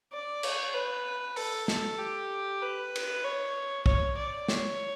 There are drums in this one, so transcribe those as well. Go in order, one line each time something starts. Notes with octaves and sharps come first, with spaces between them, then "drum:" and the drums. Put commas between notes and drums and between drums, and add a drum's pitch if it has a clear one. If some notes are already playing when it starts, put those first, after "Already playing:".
D5
C#5, drum: cymbal
B4
A4, drum: open hi-hat
A4, drum: snare
G4
B4
drum: cymbal
C#5
C#5, drum: kick
D5
C#5, drum: snare